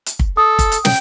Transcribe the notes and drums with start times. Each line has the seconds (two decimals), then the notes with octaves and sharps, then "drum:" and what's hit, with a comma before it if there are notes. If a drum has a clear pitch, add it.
0.06 drum: hi-hat
0.19 drum: kick
0.37 A4 D#6
0.59 drum: kick, hi-hat
0.72 drum: hi-hat
0.85 G5, drum: snare